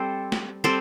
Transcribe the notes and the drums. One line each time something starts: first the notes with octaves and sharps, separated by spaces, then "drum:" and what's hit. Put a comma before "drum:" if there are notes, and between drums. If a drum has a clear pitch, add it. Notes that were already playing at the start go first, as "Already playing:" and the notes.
Already playing: G3 C4 A4 C5
drum: snare
G3 C4 A4 C5